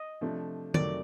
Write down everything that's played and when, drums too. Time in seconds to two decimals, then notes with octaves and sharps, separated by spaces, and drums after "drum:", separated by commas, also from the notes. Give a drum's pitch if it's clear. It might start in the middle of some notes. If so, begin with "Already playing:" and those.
Already playing: D#5
0.21 C3 F3 A3 D4
0.74 F2 C3 D#3 F#3 A3 D5, drum: tom D3